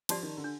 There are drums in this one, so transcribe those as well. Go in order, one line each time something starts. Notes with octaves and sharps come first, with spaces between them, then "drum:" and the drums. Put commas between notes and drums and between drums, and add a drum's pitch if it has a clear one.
F3 G4 D5 A5 C6, drum: cymbal
D#3
D3
D4